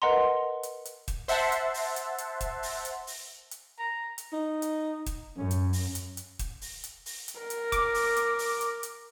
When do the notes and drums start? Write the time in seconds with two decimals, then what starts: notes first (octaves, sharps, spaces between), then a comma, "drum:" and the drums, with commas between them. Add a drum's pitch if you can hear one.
0.02 A#4 B4 D#5 F#5 A#5 C6
0.63 drum: hi-hat
0.85 drum: hi-hat
1.08 drum: kick, hi-hat
1.28 C5 E5 F#5 A5 C6, drum: open hi-hat
1.52 drum: hi-hat
1.74 drum: open hi-hat
1.96 drum: hi-hat
2.18 drum: hi-hat
2.41 drum: kick, hi-hat
2.63 drum: open hi-hat
2.85 drum: hi-hat
3.07 drum: open hi-hat
3.51 drum: hi-hat
3.79 A#5
4.18 drum: hi-hat
4.33 D#4
4.62 drum: hi-hat
5.06 drum: kick, hi-hat
5.38 F#2 C#4
5.51 drum: hi-hat
5.73 drum: open hi-hat
5.95 drum: hi-hat
6.17 drum: hi-hat
6.39 drum: kick, hi-hat
6.61 drum: open hi-hat
6.84 drum: hi-hat
7.06 drum: open hi-hat
7.28 drum: hi-hat
7.40 A#4
7.50 drum: hi-hat
7.72 D6, drum: kick, hi-hat
7.94 drum: open hi-hat
8.17 drum: hi-hat
8.39 drum: open hi-hat
8.61 drum: hi-hat
8.83 drum: hi-hat